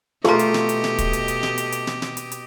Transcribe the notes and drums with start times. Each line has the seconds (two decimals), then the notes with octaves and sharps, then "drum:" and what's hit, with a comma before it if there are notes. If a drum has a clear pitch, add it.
0.25 B2 A3 F4 G4 G#4 D#5 A#5, drum: snare
0.39 drum: hi-hat
0.54 drum: snare
0.69 drum: hi-hat
0.84 drum: snare
0.98 drum: kick, hi-hat
1.13 drum: hi-hat
1.28 drum: hi-hat
1.43 drum: snare
1.58 drum: hi-hat
1.72 drum: hi-hat
1.87 drum: snare
2.02 drum: snare
2.17 drum: hi-hat
2.32 drum: hi-hat